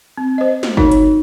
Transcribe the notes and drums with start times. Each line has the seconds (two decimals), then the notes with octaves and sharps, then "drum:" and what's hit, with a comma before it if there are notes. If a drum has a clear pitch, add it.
0.17 C4
0.38 C5 D#5
0.63 drum: snare
0.77 D#4 F#4 A#4 C#5, drum: kick G1
0.92 drum: hi-hat